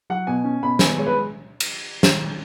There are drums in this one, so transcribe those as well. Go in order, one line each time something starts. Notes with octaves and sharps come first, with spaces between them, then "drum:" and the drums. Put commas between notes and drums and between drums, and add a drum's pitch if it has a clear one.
F#3 F#5
B2 G#5
C#4
B2 B5
B3 G#5, drum: snare
G#3 C#5
B4
drum: cymbal
drum: snare